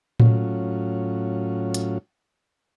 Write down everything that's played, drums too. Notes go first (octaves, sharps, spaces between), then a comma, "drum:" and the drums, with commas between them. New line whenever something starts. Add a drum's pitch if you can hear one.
A2 F#3 C#4 F4, drum: tom A2
drum: hi-hat